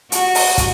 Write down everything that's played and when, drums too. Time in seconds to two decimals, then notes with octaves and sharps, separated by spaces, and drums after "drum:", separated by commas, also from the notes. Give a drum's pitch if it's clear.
0.12 F#4, drum: hi-hat
0.35 drum: open hi-hat
0.58 drum: kick, hi-hat